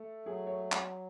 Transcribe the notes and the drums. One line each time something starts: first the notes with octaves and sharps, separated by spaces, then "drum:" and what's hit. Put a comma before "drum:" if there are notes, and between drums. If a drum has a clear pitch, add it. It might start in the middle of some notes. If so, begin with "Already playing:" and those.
Already playing: A3 A4
F#3 G#4
C#5
drum: clap